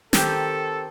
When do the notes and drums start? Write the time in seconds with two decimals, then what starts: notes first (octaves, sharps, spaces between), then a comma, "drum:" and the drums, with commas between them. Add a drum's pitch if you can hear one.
0.13 D#3 C4 G4 A4, drum: snare